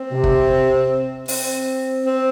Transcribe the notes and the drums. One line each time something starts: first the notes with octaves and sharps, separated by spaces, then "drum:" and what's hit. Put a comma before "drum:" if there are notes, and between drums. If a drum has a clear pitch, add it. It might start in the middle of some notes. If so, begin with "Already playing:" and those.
Already playing: C4
C3
drum: kick
C4, drum: open hi-hat
C4